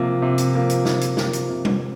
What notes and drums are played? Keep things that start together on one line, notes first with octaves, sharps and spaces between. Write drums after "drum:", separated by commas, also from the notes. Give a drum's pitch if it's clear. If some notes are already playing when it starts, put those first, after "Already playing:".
Already playing: C3 F3 A#3
C3
drum: hi-hat
F3 A#3
drum: hi-hat
C3, drum: snare
drum: hi-hat
F3 A#3, drum: snare
drum: hi-hat
C3
drum: tom G3